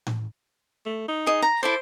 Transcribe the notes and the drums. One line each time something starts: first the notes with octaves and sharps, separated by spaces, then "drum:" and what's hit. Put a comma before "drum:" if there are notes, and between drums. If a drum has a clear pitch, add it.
drum: tom A2
A3
D#4
G#4 D#5
A#5
E4 A4 C5 D5